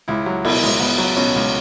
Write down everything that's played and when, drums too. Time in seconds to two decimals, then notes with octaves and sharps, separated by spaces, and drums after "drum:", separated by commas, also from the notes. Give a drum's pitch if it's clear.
0.08 C#2 E4
0.26 F#3
0.45 B2 E4, drum: cymbal
0.63 C#2
0.80 C#2 B3
0.98 F#3
1.17 B2 C#4
1.36 C#2